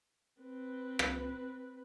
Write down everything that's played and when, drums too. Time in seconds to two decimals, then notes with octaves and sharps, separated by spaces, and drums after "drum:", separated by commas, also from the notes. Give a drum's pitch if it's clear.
0.42 C4 B4
0.99 drum: rim click